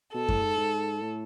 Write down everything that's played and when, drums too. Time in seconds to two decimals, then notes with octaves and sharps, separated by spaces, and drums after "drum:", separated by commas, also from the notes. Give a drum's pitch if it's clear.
0.14 B2 A4
0.29 A2, drum: kick F#2
0.43 G#2
0.57 G#2
1.01 A2